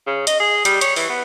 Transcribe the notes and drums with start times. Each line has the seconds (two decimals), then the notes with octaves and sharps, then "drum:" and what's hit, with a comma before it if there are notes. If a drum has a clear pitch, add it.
0.07 C#3
0.27 D#5, drum: hi-hat
0.40 G#4
0.65 G3, drum: hi-hat
0.81 C#5, drum: hi-hat
0.96 E3, drum: open hi-hat
1.10 B3